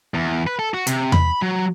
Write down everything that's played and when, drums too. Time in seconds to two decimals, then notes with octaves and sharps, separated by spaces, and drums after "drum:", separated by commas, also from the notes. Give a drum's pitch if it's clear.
0.14 E2
0.47 B4
0.59 A4
0.74 F#4
0.87 C3, drum: hi-hat
1.12 B5, drum: tom E2
1.42 F#3